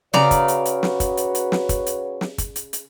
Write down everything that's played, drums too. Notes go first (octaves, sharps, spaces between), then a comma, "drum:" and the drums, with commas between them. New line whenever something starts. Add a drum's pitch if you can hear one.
C#3 F#4 B4 C#5 D5 A#5, drum: snare
drum: kick, hi-hat
drum: hi-hat
drum: hi-hat
drum: snare
drum: kick, hi-hat
drum: hi-hat
drum: hi-hat
drum: snare
drum: kick, hi-hat
drum: hi-hat
drum: snare
drum: kick, hi-hat
drum: hi-hat
drum: hi-hat